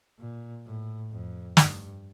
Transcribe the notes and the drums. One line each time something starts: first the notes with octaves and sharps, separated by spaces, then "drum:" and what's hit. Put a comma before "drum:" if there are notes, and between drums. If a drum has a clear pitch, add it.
A#2
A2
F2
G2, drum: snare